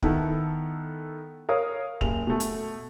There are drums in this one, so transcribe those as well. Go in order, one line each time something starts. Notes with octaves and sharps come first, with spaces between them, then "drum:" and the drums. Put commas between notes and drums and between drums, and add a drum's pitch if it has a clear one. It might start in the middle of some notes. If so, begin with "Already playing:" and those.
D#3 B3 E4 A4, drum: kick
A#4 C#5 F5 D#6
F#1 F7, drum: kick
B2 A3
drum: hi-hat